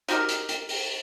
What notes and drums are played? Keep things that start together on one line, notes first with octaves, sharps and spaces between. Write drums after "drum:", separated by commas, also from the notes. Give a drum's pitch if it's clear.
D#4 F#4 G4 A#4, drum: hi-hat
drum: hi-hat
drum: hi-hat
drum: open hi-hat